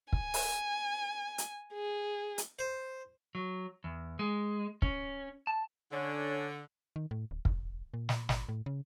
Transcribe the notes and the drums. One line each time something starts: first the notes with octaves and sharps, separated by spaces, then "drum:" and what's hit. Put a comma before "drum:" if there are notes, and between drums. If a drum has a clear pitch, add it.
G#5, drum: kick
drum: open hi-hat
drum: hi-hat
G#4
drum: hi-hat
C5
F#3
E2
G#3
C#4, drum: kick
A5
D3 C#4 D4 C#5
D#3
A2
D1
F1, drum: kick
A#2
drum: snare
G#1, drum: snare
A2
C#3